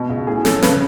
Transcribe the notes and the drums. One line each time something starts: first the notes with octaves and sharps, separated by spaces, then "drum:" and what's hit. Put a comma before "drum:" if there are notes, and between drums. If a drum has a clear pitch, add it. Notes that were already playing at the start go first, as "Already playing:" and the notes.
Already playing: B2
C#2
A2 G#4
C#4 A4, drum: snare
C#3 B4, drum: snare